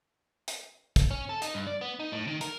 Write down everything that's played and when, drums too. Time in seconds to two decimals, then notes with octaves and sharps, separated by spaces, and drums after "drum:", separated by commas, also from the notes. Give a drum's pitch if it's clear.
0.48 drum: hi-hat
0.96 drum: kick, hi-hat
1.11 C#4
1.29 A4
1.42 D#4, drum: hi-hat
1.54 G2
1.67 D5
1.81 B3
2.00 D#4
2.12 A2
2.27 D#3
2.41 A#4, drum: hi-hat